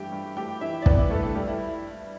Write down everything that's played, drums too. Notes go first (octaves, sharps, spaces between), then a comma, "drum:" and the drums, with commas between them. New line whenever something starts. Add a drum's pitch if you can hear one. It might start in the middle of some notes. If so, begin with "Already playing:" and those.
Already playing: G2 E3 A3 G4 G5
G2
A3 G4 G5
E3 E4 E5
D5
G2 B3 B4, drum: kick
E4
G2 A3 A4
A3 A4
G3 G4
E4